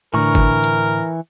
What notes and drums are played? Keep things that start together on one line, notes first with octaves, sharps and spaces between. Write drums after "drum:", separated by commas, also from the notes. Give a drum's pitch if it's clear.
A2 D3 E3 D4 A#4 C#6
drum: kick
drum: hi-hat